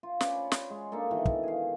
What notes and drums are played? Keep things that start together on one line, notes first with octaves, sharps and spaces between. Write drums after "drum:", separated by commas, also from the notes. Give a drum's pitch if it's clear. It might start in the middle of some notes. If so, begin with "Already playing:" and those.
F4
C#4 C#5 D5 B5, drum: snare
drum: snare
G#3
A#3 D4 D#4 A4
B2 D#3 E3
drum: kick
G#4 F5